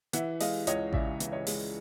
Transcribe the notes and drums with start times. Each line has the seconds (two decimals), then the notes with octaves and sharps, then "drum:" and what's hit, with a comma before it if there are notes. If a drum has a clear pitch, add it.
0.13 E3 E5 F#5, drum: hi-hat
0.40 G#3 D#5 F5, drum: open hi-hat
0.67 C#2 C#5 D#5, drum: hi-hat
0.93 C#3 D5 E5, drum: kick A1
1.20 E3, drum: hi-hat
1.32 C#5 D#5
1.47 G#3, drum: open hi-hat